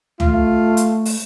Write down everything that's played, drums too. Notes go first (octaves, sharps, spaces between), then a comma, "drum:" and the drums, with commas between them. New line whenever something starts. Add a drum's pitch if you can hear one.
A3 F4, drum: tom C#2
drum: hi-hat
drum: open hi-hat